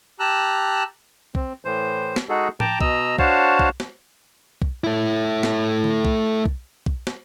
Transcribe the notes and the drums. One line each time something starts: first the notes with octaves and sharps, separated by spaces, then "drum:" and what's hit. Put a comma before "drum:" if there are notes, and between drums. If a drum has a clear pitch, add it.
G4 A5 A#5 E6 F#6
C4, drum: kick
A2 E3 C5
drum: snare
G#3 D#4 F#4 G#4 A4
G5 A5 A#5 D6, drum: tom A2
B2 D#5 A#5 E6, drum: kick
D4 F#4 C5 C#5 F5 A5, drum: kick
drum: kick
drum: snare
drum: kick
A3 E4
drum: snare
drum: tom D3
drum: kick
drum: kick
drum: kick
drum: snare